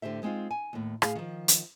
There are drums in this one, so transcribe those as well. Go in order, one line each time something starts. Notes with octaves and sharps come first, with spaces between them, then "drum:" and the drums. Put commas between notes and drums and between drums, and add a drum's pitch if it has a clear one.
A2 D3 G4 C5 E5
G#3 C4 D#4 F4
G#5
D#2 A2
A2 G#4 F5, drum: rim click
D#3 F3
drum: hi-hat